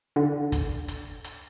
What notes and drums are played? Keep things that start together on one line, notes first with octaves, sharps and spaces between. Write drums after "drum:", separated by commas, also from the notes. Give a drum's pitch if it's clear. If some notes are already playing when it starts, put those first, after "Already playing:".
D3
drum: kick, hi-hat
drum: hi-hat
drum: hi-hat